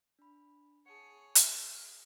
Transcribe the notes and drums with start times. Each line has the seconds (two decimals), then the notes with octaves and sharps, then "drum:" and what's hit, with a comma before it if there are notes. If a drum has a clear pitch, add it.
0.19 D4 B5
0.86 G#4 C#5 F#5 A5 C#7
1.35 F6, drum: hi-hat